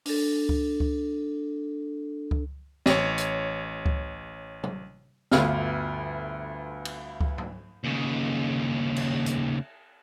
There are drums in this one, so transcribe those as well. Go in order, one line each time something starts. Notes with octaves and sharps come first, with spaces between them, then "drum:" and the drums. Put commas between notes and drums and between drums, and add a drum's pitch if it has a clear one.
D4 A4, drum: open hi-hat
drum: kick C#2
drum: kick C#2
drum: kick C#2
A1 C#5, drum: snare
drum: hi-hat
drum: kick C#2
drum: tom
G1 D2 B3 F4 B4 F6, drum: snare
drum: cymbal
drum: kick C#2
drum: tom
D#2 C#3
drum: cymbal
drum: hi-hat